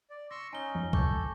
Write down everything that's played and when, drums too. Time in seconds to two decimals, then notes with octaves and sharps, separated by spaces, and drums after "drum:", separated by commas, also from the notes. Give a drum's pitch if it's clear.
0.10 D5
0.31 C6 C#6 E6 A#6
0.53 C#4 D#4 G#5 G7
0.75 F2
0.93 A4 C#6 D6 G6, drum: kick C2